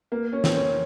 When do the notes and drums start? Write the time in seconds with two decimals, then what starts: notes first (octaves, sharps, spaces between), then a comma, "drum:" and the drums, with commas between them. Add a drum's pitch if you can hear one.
0.12 A#3
0.33 C#4
0.44 C4, drum: snare
0.54 C#4